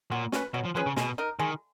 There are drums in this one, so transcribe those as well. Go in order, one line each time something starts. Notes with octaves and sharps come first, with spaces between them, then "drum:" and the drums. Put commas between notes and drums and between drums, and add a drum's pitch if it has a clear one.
A#2 F#3
C#4 G#4 B4, drum: snare
B2 F#3
F3
F3 C#4 G#4 B4
C#3
B2 G#3, drum: snare
D#4 A#4
D#3 G#3